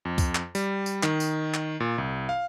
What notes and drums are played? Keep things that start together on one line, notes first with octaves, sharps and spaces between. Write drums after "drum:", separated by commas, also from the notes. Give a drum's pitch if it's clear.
F2
drum: kick C#2, tambourine
drum: clap
G3, drum: tambourine
drum: tambourine
D#3, drum: clap
drum: tambourine
drum: clap
A#2
C2
F5